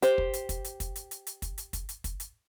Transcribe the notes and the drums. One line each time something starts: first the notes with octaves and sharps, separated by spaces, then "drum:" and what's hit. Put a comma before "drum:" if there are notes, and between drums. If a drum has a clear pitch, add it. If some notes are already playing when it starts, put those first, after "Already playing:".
G4 C5, drum: hi-hat
drum: kick
drum: hi-hat
drum: kick, hi-hat
drum: hi-hat
drum: kick, hi-hat
drum: hi-hat
drum: hi-hat
drum: hi-hat
drum: kick, hi-hat
drum: hi-hat
drum: kick, hi-hat
drum: hi-hat
drum: kick, hi-hat
drum: hi-hat